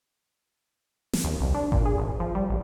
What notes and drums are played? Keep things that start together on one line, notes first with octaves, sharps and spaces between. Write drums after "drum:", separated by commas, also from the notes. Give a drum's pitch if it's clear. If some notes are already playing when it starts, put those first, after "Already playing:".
drum: snare
D#2
C2
D4
A#2, drum: kick G#1
G#4
G#1
F3
G3
A1